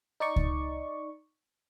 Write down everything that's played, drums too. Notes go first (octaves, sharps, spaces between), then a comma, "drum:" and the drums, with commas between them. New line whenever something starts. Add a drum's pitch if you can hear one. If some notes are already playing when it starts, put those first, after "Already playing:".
D#4 D5 C#6
drum: kick C#2